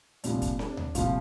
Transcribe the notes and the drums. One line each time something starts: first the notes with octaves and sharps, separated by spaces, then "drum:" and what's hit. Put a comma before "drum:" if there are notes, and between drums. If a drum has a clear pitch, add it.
C2 A#2 F3 D4, drum: hi-hat
drum: kick, hi-hat
D4, drum: snare C4
drum: tom D2
C2 A#2 F3 F4, drum: kick, hi-hat